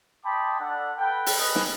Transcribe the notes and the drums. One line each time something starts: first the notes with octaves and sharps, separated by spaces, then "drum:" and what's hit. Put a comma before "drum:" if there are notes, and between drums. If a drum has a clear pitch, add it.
D#5 G5 A5 B5 C6 D6
D4 A4 F#5
A4 B4 G5
drum: open hi-hat
G#4 B4 D#5
drum: snare